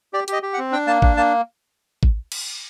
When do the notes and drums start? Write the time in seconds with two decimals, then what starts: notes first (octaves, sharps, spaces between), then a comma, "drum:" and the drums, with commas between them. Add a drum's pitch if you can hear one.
0.13 G4 D5
0.28 G4 D#5, drum: hi-hat
0.43 G4
0.53 F#5
0.58 C4
0.72 D4 G5
0.87 A#3 A5
1.02 D4, drum: kick
1.17 A#3 A5
2.03 drum: kick
2.32 drum: cymbal